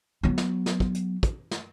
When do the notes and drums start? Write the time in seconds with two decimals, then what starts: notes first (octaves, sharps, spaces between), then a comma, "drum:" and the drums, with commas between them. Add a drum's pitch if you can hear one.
0.23 F#3 B3
0.38 drum: snare
0.66 drum: snare
0.80 drum: kick
0.95 drum: hi-hat
1.23 drum: kick, hi-hat
1.51 drum: snare